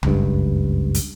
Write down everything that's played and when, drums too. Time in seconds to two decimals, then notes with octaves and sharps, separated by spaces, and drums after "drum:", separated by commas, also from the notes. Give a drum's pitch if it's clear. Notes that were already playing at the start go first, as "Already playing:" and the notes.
0.03 F#1 C#2 G2, drum: tom C#2
0.94 drum: hi-hat